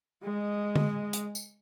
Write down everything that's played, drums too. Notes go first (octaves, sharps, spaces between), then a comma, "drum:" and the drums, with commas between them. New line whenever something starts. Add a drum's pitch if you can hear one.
G#3 D#5
drum: tom D3
drum: hi-hat
drum: tambourine